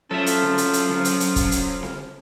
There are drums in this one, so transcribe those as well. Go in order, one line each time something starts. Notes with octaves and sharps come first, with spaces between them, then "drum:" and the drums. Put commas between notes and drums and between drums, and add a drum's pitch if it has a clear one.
F3 F#3 C#4 A4 E5
drum: hi-hat
drum: snare C4
drum: hi-hat
drum: hi-hat
drum: snare C4
drum: hi-hat
drum: hi-hat
drum: kick, hi-hat
drum: hi-hat
drum: snare C4